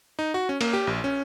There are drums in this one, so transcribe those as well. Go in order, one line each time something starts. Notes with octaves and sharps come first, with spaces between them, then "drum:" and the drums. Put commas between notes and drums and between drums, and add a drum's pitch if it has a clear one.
D#4
F#4
C#4
A#3, drum: cymbal
G4
A#1
C#4